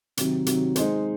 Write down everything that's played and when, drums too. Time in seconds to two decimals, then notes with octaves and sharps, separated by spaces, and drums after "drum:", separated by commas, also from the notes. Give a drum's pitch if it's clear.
0.17 C3 D#3 F#3 C4, drum: hi-hat
0.46 C3 D#3 F#3 C4, drum: hi-hat
0.76 G#3 D#4 G#4 C5, drum: hi-hat